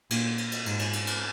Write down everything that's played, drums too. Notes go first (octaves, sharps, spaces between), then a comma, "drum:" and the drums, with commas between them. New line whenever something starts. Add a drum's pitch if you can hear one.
A#2, drum: cymbal
drum: cymbal
drum: cymbal
G#2, drum: cymbal
drum: cymbal
drum: cymbal
drum: cymbal